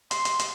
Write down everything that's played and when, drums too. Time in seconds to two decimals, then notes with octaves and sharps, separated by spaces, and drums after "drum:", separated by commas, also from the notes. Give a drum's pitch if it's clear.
0.11 C6, drum: hi-hat
0.25 drum: hi-hat
0.39 drum: hi-hat